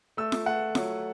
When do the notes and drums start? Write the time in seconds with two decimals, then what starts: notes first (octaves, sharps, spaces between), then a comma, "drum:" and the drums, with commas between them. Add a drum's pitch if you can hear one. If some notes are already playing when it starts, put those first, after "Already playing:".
0.17 A3 E6
0.32 drum: snare F4
0.46 A3 F#5
0.75 F#3, drum: snare F4